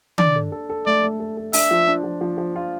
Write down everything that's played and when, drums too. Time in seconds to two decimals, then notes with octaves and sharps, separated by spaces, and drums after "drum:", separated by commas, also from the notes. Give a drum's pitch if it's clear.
0.18 D4 D5, drum: tom D#3
0.36 A4
0.52 A4
0.70 A4
0.86 A3 D5
1.03 A3
1.20 A4
1.37 A4
1.53 D4 E5, drum: open hi-hat
1.71 F3
1.88 D4
2.04 F3
2.21 F3
2.38 F3
2.56 F4